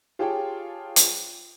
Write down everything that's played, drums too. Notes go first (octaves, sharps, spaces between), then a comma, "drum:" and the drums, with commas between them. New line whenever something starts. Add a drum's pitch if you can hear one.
F4 G4 G#4 C#5 G5 A5
drum: hi-hat